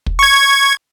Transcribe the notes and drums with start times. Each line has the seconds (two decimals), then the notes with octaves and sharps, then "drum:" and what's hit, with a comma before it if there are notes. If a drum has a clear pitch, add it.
0.06 drum: kick
0.19 C#6 G#6